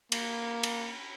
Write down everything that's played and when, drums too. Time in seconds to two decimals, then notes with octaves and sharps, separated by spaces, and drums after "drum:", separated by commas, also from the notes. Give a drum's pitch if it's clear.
0.12 A#3, drum: cymbal
0.63 drum: cymbal